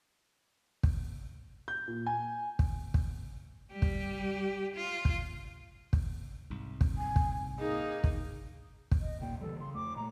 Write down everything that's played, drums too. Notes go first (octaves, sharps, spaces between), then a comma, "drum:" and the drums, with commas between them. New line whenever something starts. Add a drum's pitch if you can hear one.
drum: kick
G6
A#2
G#5
drum: kick
drum: kick
G3 G4
drum: kick
F4
drum: kick
drum: kick
C2 G#2
drum: kick
G#5
drum: kick
A#3 D#4 G#4
drum: kick
drum: kick
D#5
D#2 A#2 A#3 G5
C#3 E3 G3 A4
C#3 C6
F2 A3 D6
A#2 A3 A#5